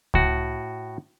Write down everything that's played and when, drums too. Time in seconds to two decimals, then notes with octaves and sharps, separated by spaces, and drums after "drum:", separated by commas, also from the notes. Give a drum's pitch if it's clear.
0.14 A2 F#4, drum: kick C#2